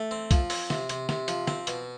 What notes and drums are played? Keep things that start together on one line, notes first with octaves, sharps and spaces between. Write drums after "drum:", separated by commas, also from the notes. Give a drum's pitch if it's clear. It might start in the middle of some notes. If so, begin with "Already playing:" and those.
Already playing: A3
C4
F3, drum: kick, hi-hat
C4, drum: open hi-hat
C3, drum: snare
C3, drum: hi-hat
C3, drum: snare
F3, drum: hi-hat
C4, drum: snare
B2, drum: hi-hat